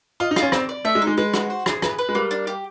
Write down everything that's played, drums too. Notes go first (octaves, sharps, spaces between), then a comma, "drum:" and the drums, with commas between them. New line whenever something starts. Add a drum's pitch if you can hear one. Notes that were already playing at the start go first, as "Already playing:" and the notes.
F4 D#5
D#4
F4, drum: rim click
C#4
C4 D5, drum: rim click
D5
A3 E5
G#3
D#4
G#3
G#3 B4
F#4, drum: rim click
C5
G#4, drum: rim click
B4, drum: rim click
B4
G#3
G3 A#3
D4
G4